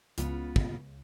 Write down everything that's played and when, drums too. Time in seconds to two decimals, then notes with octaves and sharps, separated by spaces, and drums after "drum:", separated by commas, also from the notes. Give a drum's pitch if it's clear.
0.18 C#2 C#3 B3 F4, drum: hi-hat
0.56 drum: kick